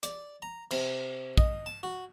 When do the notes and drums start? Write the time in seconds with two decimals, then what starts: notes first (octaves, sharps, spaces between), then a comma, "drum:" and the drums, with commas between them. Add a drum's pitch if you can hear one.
0.03 D5, drum: hi-hat
0.42 A#5
0.71 C3, drum: cymbal
1.37 D#5, drum: kick
1.66 A5
1.83 F#4